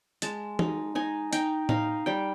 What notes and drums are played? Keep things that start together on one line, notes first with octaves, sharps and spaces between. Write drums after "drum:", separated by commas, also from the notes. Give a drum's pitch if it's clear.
G#3 A5, drum: hi-hat
D#4, drum: tom E3
D#4 G#5
D#4 G5, drum: hi-hat
D#4 F5, drum: tom A2
G3 G5